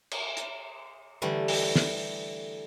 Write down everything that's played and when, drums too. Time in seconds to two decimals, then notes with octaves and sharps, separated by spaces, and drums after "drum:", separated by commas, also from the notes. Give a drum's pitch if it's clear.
0.11 drum: cymbal
0.37 drum: hi-hat
1.22 D3 E3 G3 A3
1.48 drum: open hi-hat
1.76 drum: snare